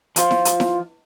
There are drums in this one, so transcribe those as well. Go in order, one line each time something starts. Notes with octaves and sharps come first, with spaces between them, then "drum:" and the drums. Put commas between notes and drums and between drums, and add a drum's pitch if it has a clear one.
F3 F4, drum: hi-hat
drum: snare E4
drum: hi-hat
drum: snare E4